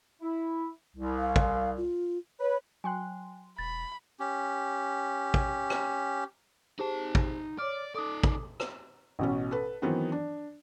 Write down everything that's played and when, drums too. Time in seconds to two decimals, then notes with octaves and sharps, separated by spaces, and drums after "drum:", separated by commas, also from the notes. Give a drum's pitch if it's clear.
0.22 E4
0.97 C2
1.18 F5
1.36 drum: kick
1.77 F4
2.40 B4 C#5
2.84 F#3 G5 G#5 C6 F#6
3.59 E1 B5 A6
4.20 C#4 G4
5.34 drum: kick
5.70 drum: rim click
6.79 D#4 G4 G#4 C5 A5
7.15 drum: kick
7.59 C#5 D5 D6 F6
7.95 D#4 A4 D5 D6 D#6
8.23 drum: kick
8.60 drum: rim click
9.19 A1 B2 C#4
9.51 A4 B4
9.82 D#3 E3 F#3 B3 C4
10.12 D4